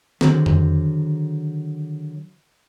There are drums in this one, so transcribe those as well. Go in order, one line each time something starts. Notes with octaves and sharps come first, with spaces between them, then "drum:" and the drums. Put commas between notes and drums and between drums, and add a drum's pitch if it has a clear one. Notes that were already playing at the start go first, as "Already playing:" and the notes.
D3 D#3 F#3 G#4 C5, drum: snare
drum: tom F2